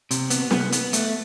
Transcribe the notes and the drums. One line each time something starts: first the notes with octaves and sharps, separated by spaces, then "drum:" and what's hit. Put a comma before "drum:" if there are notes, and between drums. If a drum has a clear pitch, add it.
C3, drum: hi-hat
B3, drum: hi-hat
B3, drum: snare
B3, drum: hi-hat
A3, drum: hi-hat